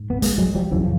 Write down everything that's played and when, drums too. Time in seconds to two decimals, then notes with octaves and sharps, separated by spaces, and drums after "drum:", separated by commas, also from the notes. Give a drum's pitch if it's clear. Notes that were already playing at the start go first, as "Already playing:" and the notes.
Already playing: G#2
0.10 B3
0.22 G#3 A#3, drum: hi-hat
0.38 F#3 G#3
0.55 F3 G3
0.71 F#2 C#3 E3 F#3
0.84 F3